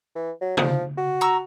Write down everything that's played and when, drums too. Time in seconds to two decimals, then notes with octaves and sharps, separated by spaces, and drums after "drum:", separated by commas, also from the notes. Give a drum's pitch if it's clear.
0.16 E3
0.41 F#3
0.57 F3, drum: tom
0.97 F#4
1.21 A#5 C#6 E6